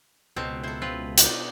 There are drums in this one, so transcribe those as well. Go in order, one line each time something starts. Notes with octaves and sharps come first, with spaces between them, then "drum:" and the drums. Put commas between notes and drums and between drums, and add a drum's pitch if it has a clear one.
C#2 B2 C4 A5 A#5
E4 A4 C5
C4 F4 B4
D4 D#4 G5, drum: hi-hat